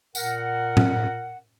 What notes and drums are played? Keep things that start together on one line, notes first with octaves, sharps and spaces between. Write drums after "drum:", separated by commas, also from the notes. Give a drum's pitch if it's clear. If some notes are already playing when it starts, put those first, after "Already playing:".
A#2 A#4 F#5, drum: tambourine
drum: tom A2